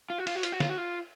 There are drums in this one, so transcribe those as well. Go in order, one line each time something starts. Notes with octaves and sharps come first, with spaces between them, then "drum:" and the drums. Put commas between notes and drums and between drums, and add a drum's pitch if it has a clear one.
F4
F#4
F4, drum: cymbal
F#4
F4, drum: hi-hat
F#4
F4, drum: snare
F#4
F4